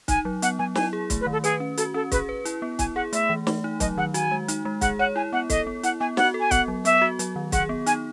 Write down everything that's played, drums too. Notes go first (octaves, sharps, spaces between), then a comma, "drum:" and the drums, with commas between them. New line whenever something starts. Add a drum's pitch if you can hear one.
D#4 G#5, drum: kick, hi-hat
F#3
B3 F#5, drum: hi-hat
F#3 G#5
E4 G#5, drum: snare
G#4
A3, drum: kick, hi-hat
B4
D#3
A4
G#4 B4, drum: hi-hat
C#4
F#4 A4, drum: hi-hat
C#4 A4
G#4 B4, drum: kick, hi-hat
B4
E4, drum: hi-hat
B3
E4 G#5, drum: kick, hi-hat
G#4 F#5
A3 E5, drum: hi-hat
E3
A3, drum: snare
D#4
F#3 D#5, drum: kick, hi-hat
D#3 F#5
F#4 G#5, drum: hi-hat
G#3
D#4, drum: hi-hat
G#3
G#4 F#5, drum: kick, hi-hat
C#5 F#5
E4 G#5
B3 F#5
A4 D#5, drum: kick, hi-hat
B3
E4 F#5, drum: hi-hat
B3 G#5
F#4 F#5, drum: snare
A4
G#5
B3 F#5, drum: kick, hi-hat
F#3
B3 E5, drum: hi-hat
F#4
F#3, drum: hi-hat
D#3
G#4 F#5, drum: kick, hi-hat
B3
D#4 G#5, drum: hi-hat